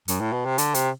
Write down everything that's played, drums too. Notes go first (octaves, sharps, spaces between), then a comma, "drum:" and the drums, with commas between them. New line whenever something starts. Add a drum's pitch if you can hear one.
F#2, drum: hi-hat
A2
B2
C3
D3, drum: hi-hat
C3, drum: hi-hat